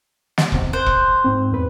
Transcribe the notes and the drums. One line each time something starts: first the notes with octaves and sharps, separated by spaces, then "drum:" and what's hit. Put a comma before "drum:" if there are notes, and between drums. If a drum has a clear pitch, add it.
drum: snare
E2 C3, drum: kick E1
C5 F#6
drum: kick E1
G#2 C4
E2 B4